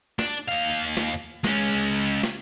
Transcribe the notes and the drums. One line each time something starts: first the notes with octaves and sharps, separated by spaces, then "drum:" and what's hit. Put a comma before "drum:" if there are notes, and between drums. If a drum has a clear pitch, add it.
D4, drum: snare
D#2 F5
drum: snare
G#3 C#4, drum: snare
drum: snare